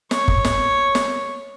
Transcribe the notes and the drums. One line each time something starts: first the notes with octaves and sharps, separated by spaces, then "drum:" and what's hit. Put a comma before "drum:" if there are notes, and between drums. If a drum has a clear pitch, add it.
C#5, drum: snare
drum: kick F#1
drum: snare
drum: snare